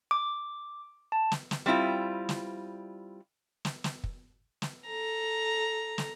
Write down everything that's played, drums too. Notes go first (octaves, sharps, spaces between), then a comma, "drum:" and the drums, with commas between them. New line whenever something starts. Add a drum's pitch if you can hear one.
D6
A5
drum: snare
drum: snare
G3 C4 E4 F4
drum: snare
drum: snare
drum: snare
drum: kick
drum: snare
A4 A#5
drum: snare